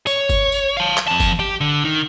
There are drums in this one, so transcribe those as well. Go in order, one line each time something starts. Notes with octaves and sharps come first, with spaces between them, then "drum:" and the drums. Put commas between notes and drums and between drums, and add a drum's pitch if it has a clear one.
C#5, drum: tambourine
drum: kick G1, tambourine
drum: tambourine
F5 A5
drum: clap
F2 A5
drum: kick G1, tambourine
G4
D3
D#3